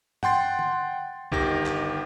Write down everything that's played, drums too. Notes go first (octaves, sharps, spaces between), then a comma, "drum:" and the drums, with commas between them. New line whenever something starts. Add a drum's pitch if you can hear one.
F#5 G5 C6 A6, drum: tom G2
drum: tom D3
G1 D#3 G4 A#6, drum: kick C2
drum: clap